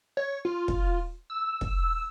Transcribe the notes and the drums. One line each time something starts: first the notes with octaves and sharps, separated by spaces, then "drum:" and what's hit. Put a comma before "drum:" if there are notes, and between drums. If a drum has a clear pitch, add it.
C#5
F4
drum: kick
E6
drum: kick